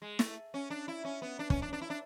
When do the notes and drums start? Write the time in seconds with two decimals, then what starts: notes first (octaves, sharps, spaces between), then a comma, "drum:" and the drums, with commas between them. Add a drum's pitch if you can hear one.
0.02 G#3
0.19 A3, drum: snare
0.54 C#4
0.70 D4
0.88 E4
1.05 C#4
1.22 B3
1.39 D4
1.50 C#4, drum: kick
1.62 D4
1.73 D4
1.81 E4
1.90 D4